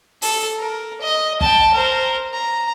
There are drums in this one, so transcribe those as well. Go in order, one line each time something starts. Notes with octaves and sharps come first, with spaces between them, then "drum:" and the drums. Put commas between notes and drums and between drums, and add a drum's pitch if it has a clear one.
A4, drum: open hi-hat
A#4
D#5
G5 A5, drum: kick
A#4 C5
A#5